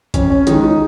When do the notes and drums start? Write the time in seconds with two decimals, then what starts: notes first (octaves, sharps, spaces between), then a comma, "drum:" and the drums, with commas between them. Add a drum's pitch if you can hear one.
0.14 F2 C#4, drum: kick, hi-hat
0.30 C#4
0.47 D#3 G#3 D#4, drum: hi-hat
0.63 D#4